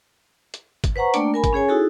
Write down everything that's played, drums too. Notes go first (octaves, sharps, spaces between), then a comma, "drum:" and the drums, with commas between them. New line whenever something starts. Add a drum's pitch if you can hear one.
drum: hi-hat
drum: kick, hi-hat
B4 C5 F#5 A#5 C#6
A3 A#3 D4 D5 G5, drum: hi-hat
A#4 G#5 B5
drum: kick, hi-hat
C#4 G#4 C#5 G#5
D#4 E4 F#4 G#4 A4